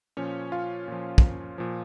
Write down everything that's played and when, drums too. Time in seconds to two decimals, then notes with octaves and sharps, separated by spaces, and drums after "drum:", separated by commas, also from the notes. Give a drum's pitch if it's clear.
0.17 A#2 F3 C#4 C#5
0.52 F4 F5
0.88 A#2 F3
1.18 drum: kick
1.58 A#2 F3